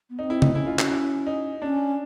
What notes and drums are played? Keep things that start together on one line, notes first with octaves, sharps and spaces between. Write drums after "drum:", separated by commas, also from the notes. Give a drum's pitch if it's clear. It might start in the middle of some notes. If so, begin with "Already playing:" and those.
B3
C4 D#4
E4
D#4, drum: tom C#3
C#4 E4
F4
F#4, drum: clap
E4
D#4
C#4 D4